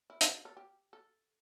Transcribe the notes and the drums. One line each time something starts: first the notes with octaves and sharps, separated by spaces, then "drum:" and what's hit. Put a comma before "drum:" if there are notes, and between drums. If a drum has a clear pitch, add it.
E4
F#4, drum: hi-hat
A4
G4
A4